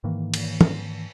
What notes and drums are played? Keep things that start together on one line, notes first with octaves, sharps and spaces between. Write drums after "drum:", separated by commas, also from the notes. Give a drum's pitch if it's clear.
G#2 D#3 E3 A#3
drum: cymbal
drum: tom